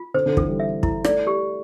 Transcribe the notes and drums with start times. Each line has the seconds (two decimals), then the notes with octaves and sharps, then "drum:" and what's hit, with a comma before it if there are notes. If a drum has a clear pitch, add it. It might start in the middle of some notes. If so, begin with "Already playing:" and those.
Already playing: F4
0.14 D3 C5
0.26 D3
0.37 E3 A4, drum: kick
0.48 G3
0.60 E5
0.83 E4, drum: kick
1.05 A3 D5, drum: rim click
1.27 G4